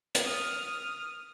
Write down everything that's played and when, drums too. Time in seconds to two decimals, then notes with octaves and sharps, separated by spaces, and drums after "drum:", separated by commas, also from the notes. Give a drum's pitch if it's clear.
0.15 drum: hi-hat
0.24 D#6 F6